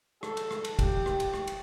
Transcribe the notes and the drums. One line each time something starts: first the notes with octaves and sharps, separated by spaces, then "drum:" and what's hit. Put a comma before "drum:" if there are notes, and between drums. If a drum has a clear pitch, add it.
A4, drum: rim click
drum: cymbal
drum: rim click
drum: cymbal
G4, drum: kick, cymbal
drum: rim click
drum: cymbal
drum: rim click
drum: cymbal